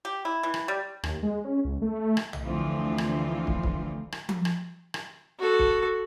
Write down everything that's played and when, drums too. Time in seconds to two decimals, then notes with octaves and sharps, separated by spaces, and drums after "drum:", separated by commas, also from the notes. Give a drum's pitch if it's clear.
0.05 G4
0.25 E4
0.43 E3
0.54 drum: rim click
0.68 G3
1.03 D#2, drum: rim click
1.23 G#3
1.44 C#4
1.65 C#2
1.82 A3
2.17 drum: rim click
2.33 drum: tom
2.42 D2 D3 E3 F3 C4 F4
2.98 drum: rim click
3.47 drum: kick
3.64 drum: kick
4.12 drum: rim click
4.29 drum: tom F3
4.45 drum: rim click
4.94 drum: rim click
5.39 F#4 A4
5.59 drum: kick